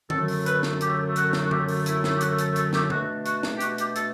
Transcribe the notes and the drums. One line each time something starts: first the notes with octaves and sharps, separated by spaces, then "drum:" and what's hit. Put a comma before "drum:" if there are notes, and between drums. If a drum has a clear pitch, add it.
F#2 D3 F#3 A3 A4, drum: tom
drum: open hi-hat
B4, drum: hi-hat
drum: snare
G4, drum: hi-hat
F#4, drum: hi-hat
drum: snare
F#4
G4, drum: tom
drum: open hi-hat
E4, drum: hi-hat
E4, drum: snare
G4
F#4, drum: hi-hat
A4, drum: hi-hat
A4, drum: hi-hat
G4, drum: snare
B2 A3 D4 F#4, drum: tom
F#4, drum: hi-hat
drum: snare
G4
F#4, drum: hi-hat
G4, drum: hi-hat
A4, drum: hi-hat